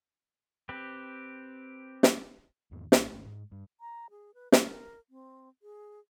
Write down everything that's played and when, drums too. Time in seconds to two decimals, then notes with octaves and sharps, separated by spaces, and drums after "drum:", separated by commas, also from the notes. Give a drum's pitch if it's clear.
0.69 C4 G4 B4
2.03 drum: snare
2.71 E2 G#2 D#3 B3
2.92 G#1, drum: snare
3.10 G1 F2 A3 C#4
3.26 G#2
3.52 G2
3.80 A#5
4.10 G#4
4.34 B4
4.52 A#4, drum: snare
5.10 C4
5.62 G#4